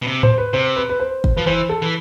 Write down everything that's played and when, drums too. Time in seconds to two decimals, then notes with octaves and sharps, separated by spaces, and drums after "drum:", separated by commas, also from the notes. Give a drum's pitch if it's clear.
0.02 B2
0.07 C3
0.23 C5, drum: tom G#2
0.38 B4
0.53 C3 C5
0.76 B4
0.89 B4
1.00 C5
1.24 drum: kick
1.36 F3 B4
1.46 E3 C5
1.69 A4
1.82 E3